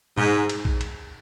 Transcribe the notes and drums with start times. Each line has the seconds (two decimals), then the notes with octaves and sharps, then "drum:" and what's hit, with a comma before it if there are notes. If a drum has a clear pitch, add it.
0.18 G#2, drum: tom A#2
0.49 drum: cymbal
0.65 drum: kick
0.81 drum: cymbal